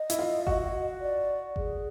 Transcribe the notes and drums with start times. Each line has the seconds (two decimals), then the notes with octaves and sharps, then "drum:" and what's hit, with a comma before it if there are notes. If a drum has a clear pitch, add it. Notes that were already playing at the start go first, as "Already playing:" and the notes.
Already playing: D#5
0.10 E4, drum: hi-hat
0.19 F4
0.47 F#4, drum: kick G1
1.01 D5
1.56 G#4, drum: kick G1